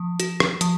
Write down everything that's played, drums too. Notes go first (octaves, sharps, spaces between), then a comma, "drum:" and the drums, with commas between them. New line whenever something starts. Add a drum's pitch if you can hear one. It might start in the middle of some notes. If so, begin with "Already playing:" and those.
Already playing: F3
F#4, drum: hi-hat
drum: rim click
F3, drum: hi-hat